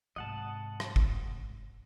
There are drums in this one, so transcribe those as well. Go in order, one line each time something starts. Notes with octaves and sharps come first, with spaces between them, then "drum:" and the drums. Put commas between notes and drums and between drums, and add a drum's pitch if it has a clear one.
G#2 C3 D#5 F#5 A5
drum: rim click
drum: kick